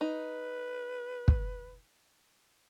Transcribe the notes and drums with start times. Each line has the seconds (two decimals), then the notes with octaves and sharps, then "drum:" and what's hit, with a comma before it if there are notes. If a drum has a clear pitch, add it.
0.01 D#4 B4
1.28 drum: kick